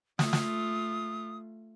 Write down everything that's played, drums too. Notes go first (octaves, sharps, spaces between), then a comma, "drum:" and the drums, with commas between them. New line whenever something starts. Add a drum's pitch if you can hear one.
A3 F4 D#6, drum: snare
drum: snare